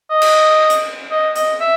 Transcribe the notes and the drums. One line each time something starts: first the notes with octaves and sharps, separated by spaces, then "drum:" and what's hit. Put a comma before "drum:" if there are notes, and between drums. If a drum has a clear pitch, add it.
D#5
drum: cymbal
drum: hi-hat
D#5
D#5, drum: hi-hat
E5